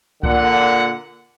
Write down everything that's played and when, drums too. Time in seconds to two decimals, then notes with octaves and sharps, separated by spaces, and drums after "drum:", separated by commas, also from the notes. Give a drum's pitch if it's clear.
0.23 A#2 D3 F#5, drum: kick C2